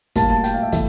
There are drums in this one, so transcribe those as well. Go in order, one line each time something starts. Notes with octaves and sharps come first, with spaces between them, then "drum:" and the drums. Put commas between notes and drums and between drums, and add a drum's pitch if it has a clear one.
A2 G3 A#3 A5, drum: kick, hi-hat
A5
G5, drum: hi-hat
F5
E5
E3 A3 E5, drum: kick, hi-hat